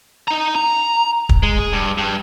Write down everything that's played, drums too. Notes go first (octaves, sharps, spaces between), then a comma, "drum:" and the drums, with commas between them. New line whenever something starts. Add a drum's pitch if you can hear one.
D#4 A#5
A#5
drum: kick
G#3
G#4
G2
G2